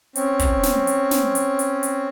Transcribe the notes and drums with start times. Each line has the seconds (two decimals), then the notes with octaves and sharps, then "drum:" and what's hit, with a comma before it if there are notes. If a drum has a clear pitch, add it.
0.16 C4 C#4, drum: hi-hat
0.39 drum: kick, hi-hat
0.63 drum: snare
0.87 drum: hi-hat
1.11 drum: snare
1.35 drum: hi-hat
1.59 drum: hi-hat
1.83 drum: hi-hat